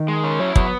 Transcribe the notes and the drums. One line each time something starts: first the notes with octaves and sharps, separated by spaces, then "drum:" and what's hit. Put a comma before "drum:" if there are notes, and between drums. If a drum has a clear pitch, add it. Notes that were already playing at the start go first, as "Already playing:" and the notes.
Already playing: D#3
G#3
C#4
F#3 E4
F#3 B3, drum: kick